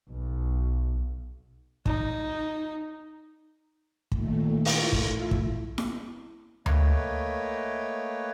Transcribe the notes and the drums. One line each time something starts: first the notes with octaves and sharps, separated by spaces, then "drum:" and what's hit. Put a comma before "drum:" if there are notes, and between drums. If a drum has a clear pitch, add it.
B1
D#4, drum: kick
A#2 D#3 A3, drum: kick
A3 E4 F4, drum: open hi-hat
drum: kick
drum: kick
drum: snare E4
A3 A#3 B4 C#5 D#5 G5, drum: tom D2